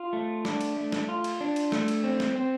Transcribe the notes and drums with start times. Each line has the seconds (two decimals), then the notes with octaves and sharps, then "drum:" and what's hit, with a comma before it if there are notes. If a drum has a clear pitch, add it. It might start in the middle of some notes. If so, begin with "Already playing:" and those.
Already playing: F4
0.13 A3
0.45 D4, drum: snare
0.61 drum: cymbal
0.77 A3
0.92 drum: snare
1.08 F4
1.24 drum: cymbal
1.41 D4
1.56 drum: cymbal
1.72 A3, drum: snare
1.88 drum: cymbal
2.04 C4
2.20 drum: snare
2.36 C4